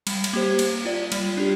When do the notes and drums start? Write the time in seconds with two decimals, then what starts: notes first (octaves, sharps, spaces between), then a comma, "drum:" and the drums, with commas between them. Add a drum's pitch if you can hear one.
0.07 G3, drum: cymbal
0.24 drum: cymbal
0.33 A#3 G4 C5
0.59 A#3, drum: cymbal
0.85 F4 D5
1.12 G3, drum: cymbal
1.37 D4 G4